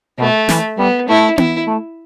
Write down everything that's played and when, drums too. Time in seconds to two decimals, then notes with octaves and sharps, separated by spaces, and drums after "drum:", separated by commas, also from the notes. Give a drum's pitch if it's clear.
0.19 B2 A3
0.49 E3, drum: snare
0.78 G3 B3
1.08 A3 E4
1.38 E4, drum: tom B3
1.67 A3